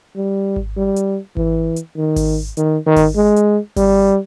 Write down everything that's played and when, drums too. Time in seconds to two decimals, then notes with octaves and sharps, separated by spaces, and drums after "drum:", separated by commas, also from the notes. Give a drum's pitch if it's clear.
0.16 G3
0.56 drum: kick G#1
0.77 G3
0.96 drum: hi-hat
1.37 E3, drum: kick G#1
1.76 drum: hi-hat
1.96 D#3
2.16 drum: kick G#1, open hi-hat
2.57 D#3, drum: hi-hat
2.86 D#3
2.96 drum: kick G#1, open hi-hat
3.16 G#3
3.36 drum: hi-hat
3.76 G3, drum: kick G#1, open hi-hat